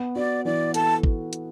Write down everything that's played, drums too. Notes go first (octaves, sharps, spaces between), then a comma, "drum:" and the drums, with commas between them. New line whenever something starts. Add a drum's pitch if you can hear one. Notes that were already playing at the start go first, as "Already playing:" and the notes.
Already playing: B3
F#4 D5
E3 D5
A4 A5, drum: hi-hat
drum: kick G#1
drum: hi-hat